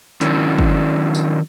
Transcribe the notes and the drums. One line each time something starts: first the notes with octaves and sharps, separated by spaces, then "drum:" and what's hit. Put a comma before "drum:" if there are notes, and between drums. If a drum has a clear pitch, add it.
D#3 F#3 C#4 D4 E4, drum: hi-hat
drum: kick
drum: tambourine